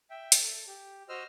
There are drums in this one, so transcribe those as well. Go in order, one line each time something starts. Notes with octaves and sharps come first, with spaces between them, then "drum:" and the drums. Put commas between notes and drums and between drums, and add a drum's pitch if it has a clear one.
E5 G5
drum: hi-hat
A4
G4
F#4 C5 D#5 E6 F6